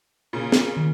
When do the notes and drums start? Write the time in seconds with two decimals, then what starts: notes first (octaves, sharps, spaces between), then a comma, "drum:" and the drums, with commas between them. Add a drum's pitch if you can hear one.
0.33 A#2 C#3
0.52 drum: snare
0.77 D#3